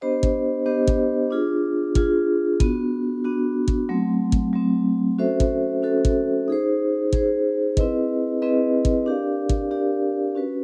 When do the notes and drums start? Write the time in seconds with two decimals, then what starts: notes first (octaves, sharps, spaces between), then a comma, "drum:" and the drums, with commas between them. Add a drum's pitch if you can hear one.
0.01 B3 D4 G4 C5 D#5
0.23 drum: kick
0.66 B3 D4 G4 C5 D#5
0.87 drum: kick
1.31 D4 F4 G#4
1.95 D4 F4 G#4, drum: kick
2.60 B3 D4 F#4, drum: kick
3.24 B3 D4 F#4
3.68 drum: kick
3.89 F#3 A3 C4
4.32 drum: kick
4.53 F#3 A3 C4
5.19 C#4 F#4 A4 C5 E5
5.40 drum: kick
5.83 C#4 F#4 A4 C5 E5
6.05 drum: kick
6.48 D#4 G#4 C5
7.13 D#4 G#4 C5, drum: kick
7.77 C4 E4 G#4 B4 D#5, drum: kick
8.42 C4 E4 G#4 B4 D#5
8.85 drum: kick
9.06 D4 G4 A#4 D5 F5
9.49 drum: kick
9.71 D4 G4 A#4 D5 F5
10.35 C#4 F#4 B4